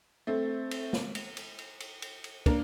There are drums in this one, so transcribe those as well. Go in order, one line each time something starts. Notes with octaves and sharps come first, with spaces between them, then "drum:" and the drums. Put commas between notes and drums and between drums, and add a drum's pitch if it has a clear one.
A3 C4
drum: cymbal
drum: snare A#3
drum: cymbal
drum: cymbal
drum: cymbal
drum: cymbal
drum: cymbal
drum: cymbal
A#3 D4, drum: kick, cymbal